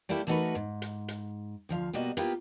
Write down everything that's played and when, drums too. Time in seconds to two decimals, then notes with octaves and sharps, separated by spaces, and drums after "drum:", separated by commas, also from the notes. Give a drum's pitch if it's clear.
0.09 G3 A3 A#3 E4 G4
0.27 E3 A3 D#4 F#4 A#4 B4
0.55 G#2
0.82 drum: hi-hat
1.08 drum: hi-hat
1.69 D2 F3 F5
1.93 B2 G3 A#3 F#4 D#5
2.17 A#3 B3 E4 F4 G4, drum: hi-hat